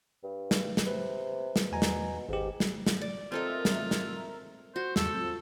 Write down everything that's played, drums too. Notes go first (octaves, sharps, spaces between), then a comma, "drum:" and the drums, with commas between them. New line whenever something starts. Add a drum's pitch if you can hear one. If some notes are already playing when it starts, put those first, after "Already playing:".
G2
drum: snare
drum: snare
C3 B4
drum: snare
E2 B2 G#5 A#5
drum: snare
G#1 G#2 G4
drum: snare
drum: snare
D5
C4 F4 A4 A#4 D#5 E5
drum: snare
drum: snare
F#4 C5
E2 G#2 C#3 A4, drum: snare
C4 F4